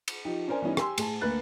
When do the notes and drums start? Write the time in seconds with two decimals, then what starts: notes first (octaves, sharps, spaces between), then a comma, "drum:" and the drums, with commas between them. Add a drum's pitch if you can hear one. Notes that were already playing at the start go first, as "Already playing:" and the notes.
0.08 drum: cymbal
0.25 F3 D#4 G4
0.48 C#4 D4 A#4 C5 G#5
0.62 E3 G3 B3 C#4 D#4
0.77 G4 G#5 C6 E6, drum: rim click
0.98 A2 G#4 A5, drum: cymbal
1.21 D2 A#3 A#4 B4 F#6 A6